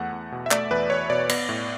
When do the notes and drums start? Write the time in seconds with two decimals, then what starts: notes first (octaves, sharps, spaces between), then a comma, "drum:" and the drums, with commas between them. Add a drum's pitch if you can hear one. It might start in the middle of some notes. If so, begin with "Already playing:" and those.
Already playing: E2 A3 F#5
0.12 E2
0.32 B2
0.46 E5
0.51 A3 D5, drum: clap
0.71 E2 B4
0.90 E2 C#5
1.10 B2 D5
1.29 B3 D5, drum: cymbal
1.49 A2